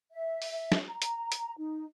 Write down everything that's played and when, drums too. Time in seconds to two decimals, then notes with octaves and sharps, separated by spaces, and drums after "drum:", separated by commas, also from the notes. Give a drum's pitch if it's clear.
0.12 E5
0.42 drum: open hi-hat
0.72 drum: snare
0.87 A#5
1.02 drum: hi-hat
1.32 drum: hi-hat
1.58 D#4